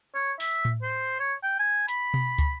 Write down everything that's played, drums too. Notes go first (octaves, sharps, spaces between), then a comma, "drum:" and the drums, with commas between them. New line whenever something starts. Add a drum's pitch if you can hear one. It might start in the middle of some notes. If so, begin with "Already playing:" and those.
C#5
E5, drum: open hi-hat
drum: tom A2
C5
C#5
G5
G#5
B5, drum: hi-hat
drum: tom B2
drum: kick, hi-hat